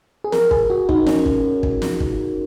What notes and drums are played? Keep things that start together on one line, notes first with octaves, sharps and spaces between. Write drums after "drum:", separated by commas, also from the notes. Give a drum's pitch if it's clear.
G#4
A#4, drum: snare
G#4, drum: kick
F#4
D#4, drum: kick
C#4, drum: snare
drum: kick
drum: kick
drum: snare
drum: kick